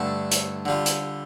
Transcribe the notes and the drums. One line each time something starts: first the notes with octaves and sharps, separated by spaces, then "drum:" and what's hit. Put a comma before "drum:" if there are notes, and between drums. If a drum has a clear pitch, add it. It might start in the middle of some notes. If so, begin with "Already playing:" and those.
Already playing: G2 D3 A3 A5
drum: hi-hat
D3 G3 F4
drum: hi-hat